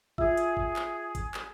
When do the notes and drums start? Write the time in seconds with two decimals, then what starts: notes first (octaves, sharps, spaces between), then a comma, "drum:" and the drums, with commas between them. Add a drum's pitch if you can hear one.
0.18 F4 G#4 E5 E6, drum: kick G1
0.37 drum: hi-hat
0.57 drum: kick G1
0.76 drum: clap
1.15 drum: kick G1, hi-hat
1.34 drum: clap